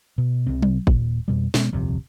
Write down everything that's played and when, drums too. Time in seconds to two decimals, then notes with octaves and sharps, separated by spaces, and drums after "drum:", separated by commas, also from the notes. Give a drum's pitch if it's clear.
0.18 B2
0.46 C2 C3 C4
0.62 drum: tom F#3
0.87 D#1 A#2, drum: kick G#1
1.28 F2 B2 G3
1.54 B2 G#3 B3, drum: snare
1.72 D#1 C2 F2 C3